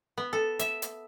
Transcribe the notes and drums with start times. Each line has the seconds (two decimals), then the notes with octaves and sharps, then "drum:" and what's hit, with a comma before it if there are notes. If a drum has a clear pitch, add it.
0.18 B3
0.33 A4
0.59 E5, drum: hi-hat
0.82 drum: hi-hat